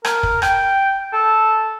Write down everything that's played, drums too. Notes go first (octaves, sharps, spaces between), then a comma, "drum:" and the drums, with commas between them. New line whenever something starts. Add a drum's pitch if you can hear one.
A#4, drum: rim click
drum: kick
G5, drum: rim click
A4